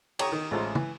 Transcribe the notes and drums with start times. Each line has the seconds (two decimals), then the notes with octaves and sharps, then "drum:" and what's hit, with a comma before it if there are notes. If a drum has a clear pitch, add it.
0.19 G4 C#5 A#5 C#6 D#6, drum: cymbal
0.32 D#3
0.51 A1 G#3 F4 A4 C5 A#5
0.75 E3, drum: tom